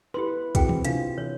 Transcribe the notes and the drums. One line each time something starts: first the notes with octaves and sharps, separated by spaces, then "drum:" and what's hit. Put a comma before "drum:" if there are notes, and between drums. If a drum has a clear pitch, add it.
E4 G4 B4 C6
C4 E4 F#4 G#4 G5, drum: kick, hi-hat
drum: tom D#3
C3 D4 E4 F4 F5, drum: hi-hat
E3 C#5